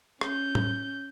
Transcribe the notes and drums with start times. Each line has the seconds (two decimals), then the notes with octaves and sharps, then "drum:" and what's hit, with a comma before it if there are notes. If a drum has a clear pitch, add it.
0.21 C#4 G6, drum: rim click
0.55 drum: tom A2